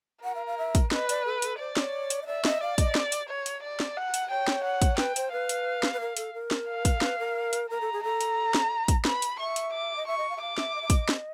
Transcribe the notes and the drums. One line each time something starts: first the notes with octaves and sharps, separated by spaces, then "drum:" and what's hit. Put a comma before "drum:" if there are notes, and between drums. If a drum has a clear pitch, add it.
A#4 F#5
F5
F5
E5
drum: kick, hi-hat
B4 D#5, drum: snare
D5, drum: hi-hat
A4
A4, drum: hi-hat
C5 D5
C#5, drum: snare
drum: hi-hat
D#5
D5 E5
D#5, drum: snare
D5 F5
D#5, drum: kick, hi-hat
drum: snare
drum: hi-hat
C#5
drum: hi-hat
D5
drum: snare
F#5
drum: hi-hat
C#5 G5
drum: snare
F#5
drum: kick, hi-hat
B4 G5, drum: snare
C5, drum: hi-hat
B4 F5
drum: hi-hat
drum: snare
B4
A#4
A4, drum: hi-hat
A#4
drum: snare
F5
drum: kick, hi-hat
B4, drum: snare
A#4
drum: hi-hat
A#4 A#5
A4
G#4
A4 A#5
drum: hi-hat
drum: snare
drum: kick, hi-hat
B4 B5, drum: snare
drum: hi-hat
E5 C#6
drum: hi-hat
D6
D#5
E5 C#6
D#5
F5
E5
F5 D6
E5, drum: snare
D#5
E5
D#5, drum: kick, hi-hat
drum: snare